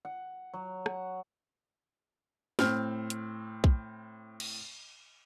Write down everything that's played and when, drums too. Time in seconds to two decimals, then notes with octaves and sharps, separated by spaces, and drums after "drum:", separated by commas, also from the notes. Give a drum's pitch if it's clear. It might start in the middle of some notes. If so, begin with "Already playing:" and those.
0.05 F#5
0.54 F#3
0.86 F#5, drum: rim click
2.59 A2 C4 F6, drum: snare
3.10 drum: hi-hat
3.64 drum: kick
4.40 drum: cymbal